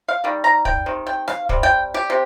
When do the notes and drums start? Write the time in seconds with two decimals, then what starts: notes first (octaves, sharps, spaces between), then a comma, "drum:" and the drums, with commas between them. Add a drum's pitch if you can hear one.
0.08 F5
0.24 D#3 G3
0.44 A#5
0.65 G5, drum: kick
0.86 C3 D#3
1.07 G5
1.28 F5, drum: rim click
1.49 C3 G3, drum: kick
1.63 G5
1.94 G4
2.10 C3